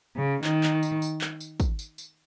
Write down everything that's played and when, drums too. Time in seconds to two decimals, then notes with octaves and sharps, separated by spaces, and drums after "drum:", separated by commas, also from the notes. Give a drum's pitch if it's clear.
0.16 C#3
0.44 D#3, drum: clap
0.63 drum: clap
0.83 drum: tambourine
1.02 drum: tambourine
1.21 drum: clap
1.40 drum: tambourine
1.60 drum: kick, tambourine
1.79 drum: tambourine
1.98 drum: tambourine